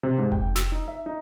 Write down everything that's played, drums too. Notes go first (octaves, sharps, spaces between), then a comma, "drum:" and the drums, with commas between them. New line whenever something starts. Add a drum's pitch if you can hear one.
C3
G#2
G5, drum: kick F1
E6, drum: snare
D#4
E5
D#4